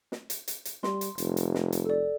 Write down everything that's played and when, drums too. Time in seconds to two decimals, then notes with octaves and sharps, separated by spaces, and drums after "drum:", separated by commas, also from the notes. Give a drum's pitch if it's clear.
0.12 drum: snare
0.30 drum: hi-hat
0.48 drum: hi-hat
0.65 drum: hi-hat
0.83 G3 C6, drum: snare
1.01 drum: hi-hat
1.18 F1, drum: hi-hat
1.37 drum: hi-hat
1.55 drum: snare
1.72 drum: hi-hat
1.85 A4 D5